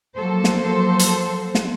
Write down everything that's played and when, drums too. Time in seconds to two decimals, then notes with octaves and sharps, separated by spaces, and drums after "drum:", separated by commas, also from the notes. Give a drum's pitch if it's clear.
0.16 F3 F#3 A#3 A4 C5
0.44 drum: snare
0.99 drum: hi-hat
1.55 drum: snare